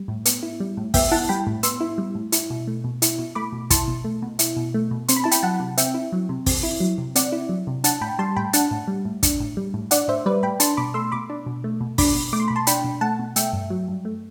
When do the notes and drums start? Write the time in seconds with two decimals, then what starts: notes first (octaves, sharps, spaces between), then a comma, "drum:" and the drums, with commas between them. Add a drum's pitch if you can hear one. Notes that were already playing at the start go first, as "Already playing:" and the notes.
Already playing: G3
0.08 A2
0.25 B3, drum: hi-hat
0.43 E4
0.60 G3
0.77 A2
0.94 B3 E5 G5, drum: kick, open hi-hat
1.12 E4 F#5 A5
1.29 G3 G5 B5
1.47 A2
1.63 B3 C6 E6, drum: hi-hat
1.81 E4
1.98 G3
2.15 A2
2.32 E4, drum: hi-hat
2.50 B2
2.67 A3
2.84 B2
3.02 E4, drum: hi-hat
3.19 B2
3.35 A3 B5 D6
3.53 B2
3.70 E4 A5 C6, drum: kick, hi-hat
3.88 B2
4.04 A3
4.22 B2
4.39 E4, drum: hi-hat
4.57 B2
4.74 A3
4.91 B2
5.08 C4 C6, drum: hi-hat
5.16 B5
5.24 E4 A5
5.31 G5 B5, drum: hi-hat
5.43 F#3 F#5 A5
5.60 C3
5.78 C4 E5 G5, drum: hi-hat
5.94 E4
6.12 F#3
6.29 C3
6.46 C4, drum: kick, open hi-hat
6.63 E4
6.80 F#3
6.98 C3
7.16 C4 D5 F#5, drum: hi-hat
7.32 E4
7.49 F#3
7.67 C3
7.84 D4 F#5 A5, drum: hi-hat
8.01 A2 G5 B5
8.19 G3 A5 C6
8.36 A2 G5 B5
8.53 D4 F#5 A5, drum: hi-hat
8.71 A2
8.88 G3
9.05 A2
9.23 D4, drum: kick, hi-hat
9.40 A2
9.57 G3
9.74 A2
9.91 D4 D5 F#5, drum: hi-hat
10.08 A2 C5 E5
10.26 G3 B4 D5
10.43 A2 G5 B5
10.60 D4 A5 C6, drum: hi-hat
10.77 B2 B5 D6
10.94 A3 C6 E6
11.12 B2 B5 D6
11.30 D4
11.46 B2
11.64 A3
11.81 B2
11.98 D4 B5 D6, drum: kick, open hi-hat
12.15 B2
12.33 A3 D6
12.40 C6
12.48 B2 B5
12.56 A5 C6
12.67 D4 G5 B5, drum: hi-hat
12.84 B2
13.01 A3 F#5 A5
13.19 B2
13.36 A3 E5 G5, drum: hi-hat
13.53 G2
13.70 F#3
13.88 G2
14.05 A3